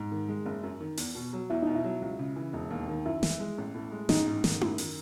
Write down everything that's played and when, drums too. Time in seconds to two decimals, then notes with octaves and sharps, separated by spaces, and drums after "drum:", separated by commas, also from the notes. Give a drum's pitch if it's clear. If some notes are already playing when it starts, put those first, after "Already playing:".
Already playing: G#2
0.11 D#3
0.29 G#3
0.46 F#1
0.63 F#2
0.80 D#3
0.97 E2, drum: open hi-hat
1.15 B2
1.33 F#3
1.50 E2 E4
1.62 B2 D#4
1.75 E4
1.84 F#3
2.02 C#2
2.19 C#3
2.36 E3
2.53 E1
2.70 D#2
2.88 D#3
3.05 F#2 E4
3.23 E3, drum: snare
3.40 G#3
3.58 A1
3.75 A2
3.92 G#3
4.09 A1 D#4, drum: snare
4.26 G#2
4.44 D#3, drum: snare
4.61 F#2, drum: tom E4
4.78 D#3, drum: open hi-hat